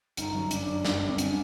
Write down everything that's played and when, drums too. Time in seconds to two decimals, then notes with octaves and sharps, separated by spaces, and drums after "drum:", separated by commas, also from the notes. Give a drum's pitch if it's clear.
0.17 G1 D#4, drum: hi-hat
0.34 F#2
0.51 C#3 D4, drum: hi-hat
0.68 F#2
0.85 G2, drum: snare
1.02 G1
1.08 C4
1.18 D3 C#4, drum: hi-hat